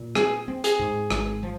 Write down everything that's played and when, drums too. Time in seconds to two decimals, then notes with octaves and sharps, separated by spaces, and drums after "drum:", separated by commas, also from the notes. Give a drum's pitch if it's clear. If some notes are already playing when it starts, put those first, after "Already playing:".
Already playing: A#2
0.15 C4 G#4, drum: rim click
0.48 C4
0.64 G#4, drum: hi-hat
0.79 G#2
1.10 G#1, drum: rim click
1.43 F3